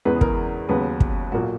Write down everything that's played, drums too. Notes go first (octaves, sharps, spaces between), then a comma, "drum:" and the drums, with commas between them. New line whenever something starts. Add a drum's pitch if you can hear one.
E2 C#3 E3 G#3 B3 B4
G#4
A#4, drum: kick
D#2 C#3 F#3 B3 B4
drum: kick
B1 A#2 A#3 F#4